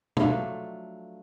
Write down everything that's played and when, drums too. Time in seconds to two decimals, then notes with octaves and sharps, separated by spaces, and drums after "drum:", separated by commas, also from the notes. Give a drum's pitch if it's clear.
0.17 F3 F#3 A3 D4, drum: tom